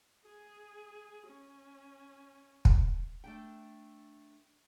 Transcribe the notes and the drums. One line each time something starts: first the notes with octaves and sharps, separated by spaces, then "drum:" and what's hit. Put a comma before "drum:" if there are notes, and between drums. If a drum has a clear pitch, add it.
G#4
C#4
drum: kick
A3 D4 G5